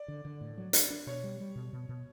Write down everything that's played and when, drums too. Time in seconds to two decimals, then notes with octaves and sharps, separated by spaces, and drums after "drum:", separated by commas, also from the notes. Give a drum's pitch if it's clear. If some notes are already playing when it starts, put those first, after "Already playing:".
Already playing: D5
0.08 D3
0.25 D3
0.41 A2
0.58 F#3
0.73 D4, drum: hi-hat
0.90 D4
1.07 B2 C#5
1.24 G3
1.40 G3
1.56 B2
1.73 B2
1.89 B2